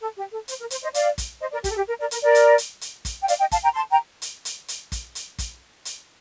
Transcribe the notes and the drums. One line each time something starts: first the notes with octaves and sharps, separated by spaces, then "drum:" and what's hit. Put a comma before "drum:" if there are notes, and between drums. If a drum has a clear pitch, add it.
A4
G4
A4
C5, drum: hi-hat
A#4
C5, drum: hi-hat
C5 D#5
D5 F5, drum: hi-hat
drum: kick, hi-hat
C5 D#5
A#4 D5
G4, drum: kick, hi-hat
A4
G4
A#4
A#4 D5
A#4, drum: hi-hat
A#4 D5
drum: hi-hat
drum: hi-hat
drum: hi-hat
drum: kick, hi-hat
G5
D5 F5, drum: hi-hat
D#5 G5
F5 A5, drum: kick, hi-hat
G5 A#5
A5 C6
G5 A#5
drum: hi-hat
drum: hi-hat
drum: hi-hat
drum: kick, hi-hat
drum: hi-hat
drum: kick, hi-hat
drum: hi-hat